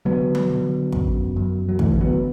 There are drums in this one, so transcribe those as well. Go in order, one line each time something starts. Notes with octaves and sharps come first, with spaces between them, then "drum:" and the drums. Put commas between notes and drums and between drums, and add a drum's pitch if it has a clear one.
D3 F#3 B3
drum: tom F3
D3
F#2, drum: kick
F#2
F#3
D3 E3 A3, drum: kick
F#3 B3